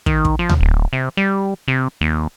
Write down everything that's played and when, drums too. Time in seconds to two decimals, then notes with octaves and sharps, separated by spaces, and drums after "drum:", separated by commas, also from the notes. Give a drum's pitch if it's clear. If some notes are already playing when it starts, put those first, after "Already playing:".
0.06 D#3, drum: kick
0.25 drum: kick
0.39 F3
0.49 drum: tom D2
0.61 D1
0.93 C3
1.17 G3
1.68 C3
2.01 D#2